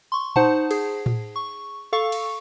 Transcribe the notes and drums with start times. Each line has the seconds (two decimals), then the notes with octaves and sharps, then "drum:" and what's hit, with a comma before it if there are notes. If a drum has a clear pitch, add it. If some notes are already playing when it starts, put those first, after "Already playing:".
0.12 C6 C#6
0.36 D#4 C5 F#5 A5, drum: tom A#2
0.71 G#4, drum: cymbal
1.06 drum: tom A2
1.36 C#6
1.93 A4 F5 C#6
2.12 drum: cymbal